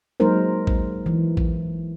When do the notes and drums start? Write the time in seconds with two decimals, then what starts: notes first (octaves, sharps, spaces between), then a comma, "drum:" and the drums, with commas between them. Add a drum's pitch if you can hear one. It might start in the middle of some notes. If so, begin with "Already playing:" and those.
0.20 F#3 G#3 A#3 D#4 A#4 C5
0.67 drum: kick
1.06 E3
1.37 drum: kick